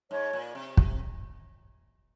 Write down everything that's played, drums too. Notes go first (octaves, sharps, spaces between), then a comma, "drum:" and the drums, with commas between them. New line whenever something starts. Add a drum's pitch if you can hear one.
G#2 C#5
A#2
C3
drum: kick